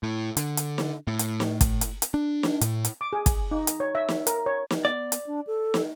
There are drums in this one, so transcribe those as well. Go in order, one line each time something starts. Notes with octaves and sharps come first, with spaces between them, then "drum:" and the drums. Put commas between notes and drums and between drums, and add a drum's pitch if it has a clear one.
A2
D3, drum: hi-hat
drum: hi-hat
drum: snare
A2
drum: hi-hat
drum: snare
drum: kick, hi-hat
drum: hi-hat
drum: hi-hat
D4
drum: snare
A2, drum: hi-hat
drum: hi-hat
D6
G#4
drum: kick, hi-hat
D#4
drum: hi-hat
C#5
E5
drum: snare
A#4, drum: hi-hat
C#5
drum: snare
B3 D5
drum: hi-hat
D4
A4
drum: snare